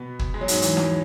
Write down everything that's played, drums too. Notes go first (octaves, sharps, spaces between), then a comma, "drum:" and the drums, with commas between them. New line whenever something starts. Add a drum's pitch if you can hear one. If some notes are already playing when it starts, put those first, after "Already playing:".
Already playing: B2 B3
drum: kick
G#3
F#3
G#2 G#3, drum: hi-hat
E2 E3, drum: hi-hat
drum: snare